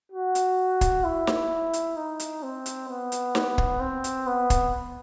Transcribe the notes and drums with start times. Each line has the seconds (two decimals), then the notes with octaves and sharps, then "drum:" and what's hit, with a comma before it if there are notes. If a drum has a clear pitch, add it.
0.12 F#4
0.35 drum: hi-hat
0.81 drum: kick, hi-hat
1.04 E4
1.27 drum: snare
1.73 drum: hi-hat
1.97 D#4
2.20 drum: hi-hat
2.43 C4
2.66 drum: hi-hat
2.89 B3
3.12 drum: hi-hat
3.35 drum: snare
3.58 drum: kick
3.81 C4
4.04 drum: hi-hat
4.27 B3
4.50 drum: kick, hi-hat